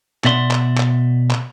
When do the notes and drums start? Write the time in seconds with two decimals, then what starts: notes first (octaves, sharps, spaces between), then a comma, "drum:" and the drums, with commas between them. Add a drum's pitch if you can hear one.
0.24 B2 D5 E5 F#5 C6, drum: clap
0.51 drum: clap
0.78 drum: clap
1.31 drum: clap